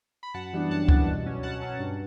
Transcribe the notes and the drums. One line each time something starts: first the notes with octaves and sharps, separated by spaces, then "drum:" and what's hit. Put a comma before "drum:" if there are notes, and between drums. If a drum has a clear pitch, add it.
B5
F#2 F#5 A5
E3 G3 B3 D4
F#2 F#5 A5
E3 G3 B3 D4, drum: kick C#2
B2
F#3 C#4
B2 F#5 A5
F#3 C#4
G2